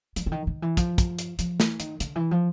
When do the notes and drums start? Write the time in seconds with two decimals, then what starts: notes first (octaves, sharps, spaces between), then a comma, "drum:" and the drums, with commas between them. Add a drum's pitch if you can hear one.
0.16 F3, drum: hi-hat
0.26 D3
0.32 D#3
0.47 D#3
0.62 E3
0.77 F3, drum: kick, hi-hat
0.98 drum: kick, hi-hat
1.19 drum: hi-hat
1.39 F3, drum: hi-hat
1.60 E3, drum: snare
1.80 D#3, drum: hi-hat
2.00 D3, drum: hi-hat
2.15 E3
2.31 F3